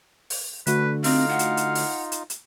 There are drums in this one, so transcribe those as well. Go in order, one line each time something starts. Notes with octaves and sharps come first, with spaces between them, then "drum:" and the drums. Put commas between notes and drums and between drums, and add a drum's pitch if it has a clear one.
drum: open hi-hat
D3 A3 F#4 B4, drum: hi-hat
C4 D#4 F4 F5, drum: open hi-hat
F#5
drum: hi-hat
drum: hi-hat
drum: open hi-hat
drum: hi-hat
drum: hi-hat